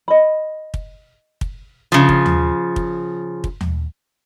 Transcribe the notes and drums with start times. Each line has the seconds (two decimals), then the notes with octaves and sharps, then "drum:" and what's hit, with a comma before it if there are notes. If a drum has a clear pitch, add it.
0.08 D#5 B5
0.74 drum: kick
1.41 drum: kick
1.92 C#3 F3
2.09 drum: kick
2.26 drum: tom D#2
2.76 drum: kick
3.44 drum: kick
3.61 drum: tom D#2